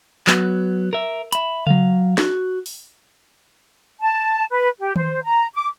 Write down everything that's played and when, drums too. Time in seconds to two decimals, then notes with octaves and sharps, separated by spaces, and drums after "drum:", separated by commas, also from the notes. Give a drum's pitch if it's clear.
0.27 F#3 B3, drum: clap
0.93 A#4 E5
1.32 E5 B5, drum: hi-hat
1.67 F#3 F5, drum: tom C#3
2.18 F#4, drum: snare
2.66 drum: open hi-hat
4.00 A5
4.50 B4
4.78 G4
4.96 C5, drum: tom D#3
5.23 A#5
5.54 D6